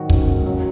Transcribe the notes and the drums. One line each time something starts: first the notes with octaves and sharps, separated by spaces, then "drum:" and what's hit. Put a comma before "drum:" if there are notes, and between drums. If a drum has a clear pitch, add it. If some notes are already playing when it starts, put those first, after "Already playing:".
Already playing: G#2 D#3 F#3 F#4
C#4, drum: kick
G#3
C#3 F#3